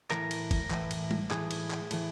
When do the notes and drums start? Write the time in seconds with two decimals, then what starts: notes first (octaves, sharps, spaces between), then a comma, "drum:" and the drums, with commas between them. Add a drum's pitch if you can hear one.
0.11 A2 E3 A#4, drum: clap
0.31 drum: cymbal
0.51 drum: kick, cymbal
0.71 A2 E3, drum: clap
0.91 drum: cymbal
1.11 drum: tom G3
1.31 A2 E3 G#4, drum: clap
1.51 drum: cymbal
1.71 drum: clap
1.91 A2 E3, drum: cymbal